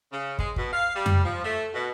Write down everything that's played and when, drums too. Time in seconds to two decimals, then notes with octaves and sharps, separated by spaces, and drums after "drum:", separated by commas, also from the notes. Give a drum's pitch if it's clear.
0.12 C#3
0.39 G#3, drum: kick
0.56 B2, drum: kick
0.72 F5
0.95 G3
1.06 drum: tom F2
1.24 F3
1.44 A3
1.74 B2